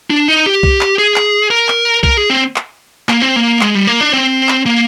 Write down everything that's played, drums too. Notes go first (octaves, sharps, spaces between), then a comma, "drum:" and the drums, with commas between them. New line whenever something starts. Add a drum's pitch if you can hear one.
D4
D#4
G4
drum: kick
drum: clap
G#4
drum: clap
A#4
drum: clap
A#4, drum: kick
G#4
C4
drum: clap
A#3, drum: clap
C4
A#3
G#3, drum: clap
G3
A#3
D4
C4
drum: clap
A#3